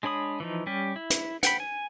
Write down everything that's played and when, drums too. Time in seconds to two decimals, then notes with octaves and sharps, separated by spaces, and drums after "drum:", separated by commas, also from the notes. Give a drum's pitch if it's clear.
0.03 G#3 D4 C#5 B5 D#6
0.40 E3 F3 D#4
0.66 G3 C#4 G4
0.96 E4
1.10 drum: hi-hat
1.43 F#5 G5 B5, drum: hi-hat
1.60 G#5